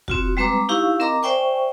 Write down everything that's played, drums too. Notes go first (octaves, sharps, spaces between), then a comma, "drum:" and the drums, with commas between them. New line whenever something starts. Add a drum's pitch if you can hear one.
C4 F4 F#4, drum: kick
G3 G#3 C4 B4 A#5 D6
D#4 E4 G4 F5 C#6
C4 A#4 D#5 A#5 D6
C5 D5 E5 G5 G#5 C#6